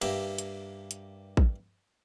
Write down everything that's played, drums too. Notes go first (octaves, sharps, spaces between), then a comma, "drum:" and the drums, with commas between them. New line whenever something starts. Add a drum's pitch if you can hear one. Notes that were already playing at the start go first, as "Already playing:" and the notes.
G2 A#3 G4 E5, drum: cymbal
drum: hi-hat
drum: hi-hat
drum: kick A1